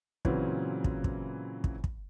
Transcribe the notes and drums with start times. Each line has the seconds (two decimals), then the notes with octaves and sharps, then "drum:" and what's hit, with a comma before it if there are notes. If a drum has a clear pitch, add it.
0.25 A#2 C#3 E3 F#3 C4, drum: kick
0.84 drum: kick
1.04 drum: kick
1.64 drum: kick
1.84 drum: kick